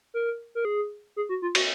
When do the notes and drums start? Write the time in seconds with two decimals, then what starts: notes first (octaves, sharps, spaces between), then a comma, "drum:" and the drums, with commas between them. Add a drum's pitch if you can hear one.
0.14 A#4
0.55 A#4
0.65 G#4
1.16 G#4
1.29 F#4
1.42 F4
1.55 F#4, drum: cymbal